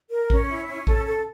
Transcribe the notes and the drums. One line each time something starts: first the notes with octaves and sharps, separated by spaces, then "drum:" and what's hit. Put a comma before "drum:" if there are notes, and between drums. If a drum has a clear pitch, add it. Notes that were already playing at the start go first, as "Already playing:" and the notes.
A#4
C#4, drum: kick A1
E4
C#4
A4, drum: kick A1
A4